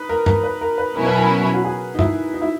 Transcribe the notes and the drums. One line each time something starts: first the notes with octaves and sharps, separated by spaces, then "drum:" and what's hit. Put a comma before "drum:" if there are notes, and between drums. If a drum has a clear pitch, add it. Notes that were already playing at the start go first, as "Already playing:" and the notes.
Already playing: D#4 B4
A#4
A#4, drum: tom G2
B4
A#4
B4
B2 F#3 C#4 E4 A#4
B4
A#4
F#4
G#4
D#4
E4, drum: tom G2
D#4
E4